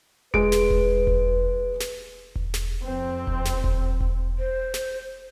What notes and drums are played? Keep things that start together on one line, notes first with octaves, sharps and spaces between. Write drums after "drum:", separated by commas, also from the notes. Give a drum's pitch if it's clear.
G#3 B4 D7, drum: kick E1
drum: snare
drum: kick E1
drum: kick E1
drum: snare
drum: kick E1
drum: snare
F2 C4
drum: kick E1
drum: snare
drum: kick E1
drum: kick E1
C5
drum: snare